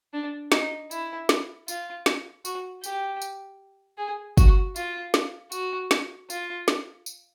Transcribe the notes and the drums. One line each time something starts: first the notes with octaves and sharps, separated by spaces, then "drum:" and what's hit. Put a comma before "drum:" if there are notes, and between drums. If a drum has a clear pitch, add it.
D4
D#4, drum: snare
E4, drum: tambourine
drum: snare
F4, drum: tambourine
drum: snare
F#4, drum: tambourine
G4, drum: tambourine
drum: tambourine
G#4
F#4, drum: kick, tambourine
F4, drum: tambourine
drum: snare
F#4, drum: tambourine
drum: snare
F4, drum: tambourine
drum: snare
drum: tambourine